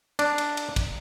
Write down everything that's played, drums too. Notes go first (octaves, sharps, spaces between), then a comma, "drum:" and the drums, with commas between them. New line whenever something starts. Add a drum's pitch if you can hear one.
D4, drum: cymbal
drum: cymbal
drum: cymbal
drum: kick, cymbal